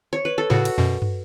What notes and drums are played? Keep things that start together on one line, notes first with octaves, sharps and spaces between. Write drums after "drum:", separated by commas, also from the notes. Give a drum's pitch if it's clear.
C#5
B4
A4
A2 C#3 F#4
drum: cymbal
F#2 B2
drum: tom